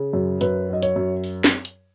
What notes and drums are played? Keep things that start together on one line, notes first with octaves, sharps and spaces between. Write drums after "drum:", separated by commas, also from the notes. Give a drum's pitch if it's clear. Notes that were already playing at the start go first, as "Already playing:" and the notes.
Already playing: C#3
F#2
F#2 B4, drum: hi-hat
F#3 D#5
C#5, drum: hi-hat
F#2
drum: open hi-hat
drum: snare
drum: hi-hat